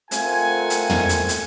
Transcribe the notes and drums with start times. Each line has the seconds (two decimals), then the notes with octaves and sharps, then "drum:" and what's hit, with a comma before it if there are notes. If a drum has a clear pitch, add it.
0.11 A3 C4 F4 A#4 F#5 G#5, drum: hi-hat
0.70 drum: hi-hat
0.90 drum: tom
1.09 drum: hi-hat
1.29 drum: hi-hat